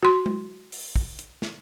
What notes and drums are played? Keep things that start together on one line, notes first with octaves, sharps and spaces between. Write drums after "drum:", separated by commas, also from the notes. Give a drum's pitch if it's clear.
F#4 C6
drum: tom G#3
drum: open hi-hat
drum: kick
drum: hi-hat
drum: snare